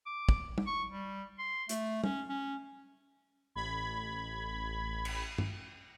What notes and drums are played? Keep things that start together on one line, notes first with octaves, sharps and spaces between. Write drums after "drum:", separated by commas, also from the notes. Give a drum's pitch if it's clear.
D6
drum: kick
drum: tom
C#6
G3
C6
A3, drum: hi-hat
C#4, drum: tom
C#4
A1 B5 G#6
drum: cymbal
drum: tom G2